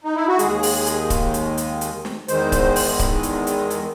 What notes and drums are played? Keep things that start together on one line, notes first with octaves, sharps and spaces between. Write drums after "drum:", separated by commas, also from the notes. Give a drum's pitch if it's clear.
D#4
E4
F#4
D#2 D#3 G#3 G#4, drum: hi-hat
drum: open hi-hat
drum: hi-hat
drum: kick C#1, hi-hat
drum: hi-hat
drum: hi-hat
drum: hi-hat
drum: snare
E2 D#3 G#3 C5, drum: hi-hat
drum: kick C#1, hi-hat
drum: open hi-hat
drum: kick C#1, hi-hat
drum: hi-hat
drum: hi-hat
drum: hi-hat